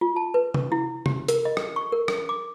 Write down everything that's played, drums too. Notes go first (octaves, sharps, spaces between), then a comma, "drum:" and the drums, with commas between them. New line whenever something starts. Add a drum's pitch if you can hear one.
F4
A5
B4
drum: tom C3
E4
G4, drum: tom C3
A#4, drum: hi-hat
D#5
drum: rim click
C#6
A#4
drum: rim click
D6